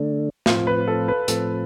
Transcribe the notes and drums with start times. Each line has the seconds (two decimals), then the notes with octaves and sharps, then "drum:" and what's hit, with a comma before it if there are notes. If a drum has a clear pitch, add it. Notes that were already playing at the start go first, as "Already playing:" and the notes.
Already playing: D3 A3 D4
0.46 A2 F3 C4 F4, drum: snare
0.67 B4
0.87 A4
1.08 B4
1.28 A2 F3 C4 A4, drum: hi-hat